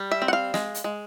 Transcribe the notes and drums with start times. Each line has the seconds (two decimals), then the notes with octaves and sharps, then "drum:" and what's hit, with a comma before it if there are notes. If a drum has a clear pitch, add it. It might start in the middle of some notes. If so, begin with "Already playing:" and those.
Already playing: G3
0.11 E5
0.22 C4
0.28 F#5
0.33 F5
0.54 G#3, drum: snare
0.74 drum: hi-hat
0.84 G#3